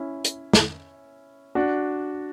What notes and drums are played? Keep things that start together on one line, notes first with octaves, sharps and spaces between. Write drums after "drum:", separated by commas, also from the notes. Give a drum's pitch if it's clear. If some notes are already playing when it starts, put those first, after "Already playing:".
Already playing: C#4 E4
drum: hi-hat
drum: snare
D4 F#4